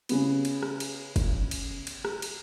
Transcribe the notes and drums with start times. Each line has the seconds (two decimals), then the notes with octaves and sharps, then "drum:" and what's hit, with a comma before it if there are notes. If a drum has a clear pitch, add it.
0.09 C#3 B3, drum: cymbal
0.45 drum: cymbal
0.63 drum: rim click
0.80 drum: cymbal
1.16 drum: kick, cymbal
1.51 drum: cymbal
1.87 drum: cymbal
2.05 drum: rim click
2.22 drum: cymbal